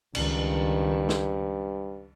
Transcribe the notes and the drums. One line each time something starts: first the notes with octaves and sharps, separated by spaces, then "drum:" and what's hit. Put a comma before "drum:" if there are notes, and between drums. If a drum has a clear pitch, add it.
C#2 G2 D#3, drum: cymbal
drum: snare